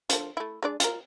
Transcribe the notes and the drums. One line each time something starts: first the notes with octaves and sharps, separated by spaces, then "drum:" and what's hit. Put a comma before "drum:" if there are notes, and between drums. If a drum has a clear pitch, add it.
D3 F3, drum: hi-hat
A3 E4
G#3 D4 D5
F4 A#4, drum: hi-hat